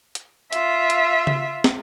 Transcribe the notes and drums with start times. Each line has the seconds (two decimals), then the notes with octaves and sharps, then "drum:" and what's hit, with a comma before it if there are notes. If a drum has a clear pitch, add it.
0.15 drum: hi-hat
0.53 F4 E5, drum: hi-hat
0.90 drum: hi-hat
1.27 drum: tom C#3
1.64 drum: snare